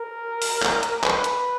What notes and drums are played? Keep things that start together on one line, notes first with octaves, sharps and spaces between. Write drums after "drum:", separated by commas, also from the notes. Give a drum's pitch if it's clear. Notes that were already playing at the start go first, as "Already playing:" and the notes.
Already playing: A#4
drum: open hi-hat
drum: clap
drum: hi-hat
B4, drum: clap
drum: hi-hat